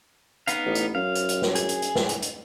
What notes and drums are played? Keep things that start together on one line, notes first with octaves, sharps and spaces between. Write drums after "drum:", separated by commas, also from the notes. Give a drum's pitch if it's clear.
B3 D#4 F5, drum: hi-hat
A1
drum: hi-hat
F#2 F5
drum: hi-hat
drum: hi-hat
drum: snare
G#4, drum: hi-hat
drum: hi-hat
drum: hi-hat
drum: snare
drum: hi-hat
drum: hi-hat